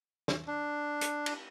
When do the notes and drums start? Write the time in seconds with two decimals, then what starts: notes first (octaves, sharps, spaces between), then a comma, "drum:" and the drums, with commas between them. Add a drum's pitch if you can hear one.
0.28 drum: snare
0.47 D4
1.01 drum: hi-hat
1.26 drum: cymbal